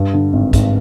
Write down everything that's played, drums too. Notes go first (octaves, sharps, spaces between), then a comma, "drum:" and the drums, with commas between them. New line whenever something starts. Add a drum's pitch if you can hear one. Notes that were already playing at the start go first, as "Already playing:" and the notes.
Already playing: G2
D3
G#1
G#1, drum: kick, hi-hat